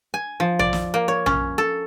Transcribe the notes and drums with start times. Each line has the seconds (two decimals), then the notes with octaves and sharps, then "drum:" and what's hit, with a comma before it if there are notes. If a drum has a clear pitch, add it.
0.14 G#5
0.40 F3
0.59 D5, drum: tom A#1
0.73 drum: snare
0.94 A#3
1.08 C#5
1.26 C#4, drum: tom A#1
1.58 A4